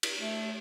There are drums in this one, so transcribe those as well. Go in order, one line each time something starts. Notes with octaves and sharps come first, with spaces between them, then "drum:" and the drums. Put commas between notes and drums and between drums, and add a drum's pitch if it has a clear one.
drum: cymbal
A3